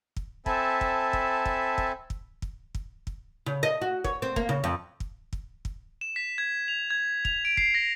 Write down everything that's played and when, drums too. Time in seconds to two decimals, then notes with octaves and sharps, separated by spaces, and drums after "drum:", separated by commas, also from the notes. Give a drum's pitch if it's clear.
0.17 drum: kick
0.46 C4 A4 E5 G#5 A5 B5, drum: kick
0.81 drum: kick
1.13 drum: kick
1.46 drum: kick
1.78 drum: kick
2.10 drum: kick
2.42 drum: kick
2.75 drum: kick
3.07 drum: kick
3.46 C#3
3.63 D#5
3.82 F#4
4.04 C#5, drum: kick
4.22 C4
4.36 A#3, drum: kick
4.49 C#3
4.64 F2
5.00 drum: kick
5.33 drum: kick
5.65 drum: kick
6.01 E7
6.16 B6
6.38 G#6
6.68 F7
6.90 G#6
7.25 F7, drum: kick
7.45 D7
7.57 C7, drum: kick
7.75 A#6